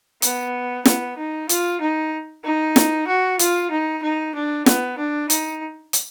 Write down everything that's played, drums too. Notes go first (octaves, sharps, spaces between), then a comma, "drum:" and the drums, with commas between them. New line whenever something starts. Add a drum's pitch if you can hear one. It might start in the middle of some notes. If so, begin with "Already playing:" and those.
B3, drum: hi-hat
B3, drum: snare
D#4
F4, drum: hi-hat
D#4
D#4
drum: snare
F#4
F4, drum: hi-hat
D#4
D#4
D4
B3, drum: snare
D4
D#4, drum: hi-hat
drum: hi-hat